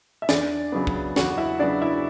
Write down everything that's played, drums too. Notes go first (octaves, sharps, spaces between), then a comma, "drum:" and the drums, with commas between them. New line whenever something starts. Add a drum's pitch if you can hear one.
E5
E2 D4 D5, drum: snare
C#3 F#3 B3
drum: kick
E2 F#4 F#5, drum: snare
E4 E5
C#3 F#3 B3 D4 D5
E4 E5